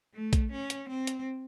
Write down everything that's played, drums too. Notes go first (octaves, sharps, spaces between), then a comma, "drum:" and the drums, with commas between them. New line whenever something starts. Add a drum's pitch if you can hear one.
A3
drum: kick A#1, hi-hat
C#4
drum: hi-hat
C4
drum: hi-hat